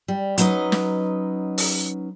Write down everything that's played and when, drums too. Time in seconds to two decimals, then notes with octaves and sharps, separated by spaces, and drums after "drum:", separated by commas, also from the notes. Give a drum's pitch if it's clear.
0.08 G3
0.38 F#3 C#4 D#4 B4 D#5, drum: hi-hat
0.72 drum: snare
1.58 drum: open hi-hat